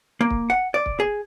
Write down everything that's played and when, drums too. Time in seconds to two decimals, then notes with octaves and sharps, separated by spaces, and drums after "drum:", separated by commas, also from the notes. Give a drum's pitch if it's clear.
0.21 A#3
0.31 drum: kick C#1
0.50 F#5
0.74 D5
0.86 drum: kick C#1
1.00 G#4